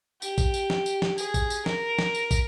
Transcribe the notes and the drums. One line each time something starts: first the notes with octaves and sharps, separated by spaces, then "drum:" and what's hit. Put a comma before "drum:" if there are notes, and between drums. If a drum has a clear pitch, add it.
G4, drum: tambourine
drum: kick, tambourine
drum: tambourine
drum: snare
drum: tambourine
drum: snare
G#4, drum: tambourine
drum: kick, tambourine
drum: tambourine
A#4, drum: snare
drum: snare
drum: tambourine
drum: kick, tambourine